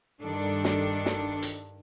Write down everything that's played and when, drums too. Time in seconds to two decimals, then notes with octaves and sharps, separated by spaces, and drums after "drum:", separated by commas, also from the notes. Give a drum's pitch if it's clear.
0.21 G2 D#3 G3 D4 A4
0.64 drum: snare
1.06 drum: snare
1.42 drum: hi-hat